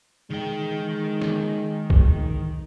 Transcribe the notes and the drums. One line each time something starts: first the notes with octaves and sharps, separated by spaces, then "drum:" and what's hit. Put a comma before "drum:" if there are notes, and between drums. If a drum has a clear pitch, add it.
D#3 G#3 G5
drum: snare
drum: kick